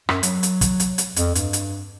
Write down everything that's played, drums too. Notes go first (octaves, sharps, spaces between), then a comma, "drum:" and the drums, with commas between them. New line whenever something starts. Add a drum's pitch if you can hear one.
F#2, drum: rim click
F#3, drum: hi-hat
drum: hi-hat
drum: kick, hi-hat
drum: hi-hat
drum: hi-hat
F2, drum: hi-hat
G2, drum: hi-hat
drum: hi-hat